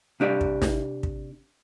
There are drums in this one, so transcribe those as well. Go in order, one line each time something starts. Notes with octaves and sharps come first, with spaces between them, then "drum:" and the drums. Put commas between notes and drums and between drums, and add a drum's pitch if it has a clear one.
C3 D4 G4 D5 F5
drum: kick
drum: snare
drum: kick